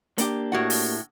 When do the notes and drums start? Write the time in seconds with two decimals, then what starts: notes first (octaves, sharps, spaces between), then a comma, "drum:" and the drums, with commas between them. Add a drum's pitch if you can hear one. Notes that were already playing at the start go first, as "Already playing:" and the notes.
0.18 A#3 D4 G4, drum: hi-hat
0.52 A2 F#4 F#5
0.70 drum: open hi-hat